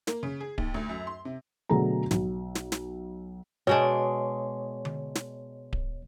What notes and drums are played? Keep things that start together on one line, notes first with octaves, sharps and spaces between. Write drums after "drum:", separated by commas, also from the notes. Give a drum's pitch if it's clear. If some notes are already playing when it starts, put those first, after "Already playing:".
A#3, drum: snare
C#3
G#4
D#2, drum: kick D1
D2
F#2
C6
C3
B2 D3 F#3 A3 G#4 A#5
B1, drum: snare
drum: snare
drum: snare
B2 G#3 D4 C#5
drum: tom D3
drum: snare
drum: kick D1